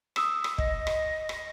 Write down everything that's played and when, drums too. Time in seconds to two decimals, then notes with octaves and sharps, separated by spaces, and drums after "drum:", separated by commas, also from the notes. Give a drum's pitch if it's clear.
0.16 D#6 E6 E7, drum: rim click
0.44 drum: rim click
0.58 D#5, drum: kick
0.87 drum: rim click
1.29 drum: rim click